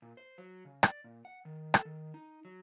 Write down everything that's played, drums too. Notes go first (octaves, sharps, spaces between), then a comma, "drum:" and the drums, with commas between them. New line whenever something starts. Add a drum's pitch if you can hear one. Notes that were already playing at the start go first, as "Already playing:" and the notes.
A#2
C5
F#3
C#3
D5, drum: rim click
A#2
F#5
D#3
A4, drum: rim click
D#3
D#4
F#3